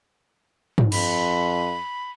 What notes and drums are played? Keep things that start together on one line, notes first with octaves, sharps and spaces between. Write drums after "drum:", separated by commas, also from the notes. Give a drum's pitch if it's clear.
drum: tom
F2 B5, drum: cymbal